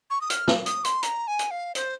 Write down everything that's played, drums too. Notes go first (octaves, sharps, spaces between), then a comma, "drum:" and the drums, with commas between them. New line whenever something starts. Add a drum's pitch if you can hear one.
C#6
D#6
F6, drum: hi-hat
drum: snare
D#6, drum: hi-hat
C6, drum: hi-hat
A#5, drum: hi-hat
G#5
drum: hi-hat
F5
C5, drum: hi-hat